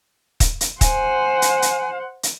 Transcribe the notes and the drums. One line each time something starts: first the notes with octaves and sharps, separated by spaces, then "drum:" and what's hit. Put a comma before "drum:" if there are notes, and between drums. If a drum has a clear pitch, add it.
drum: kick, hi-hat
drum: hi-hat
C5 F#5 G#5, drum: kick, hi-hat
drum: hi-hat
drum: hi-hat
drum: hi-hat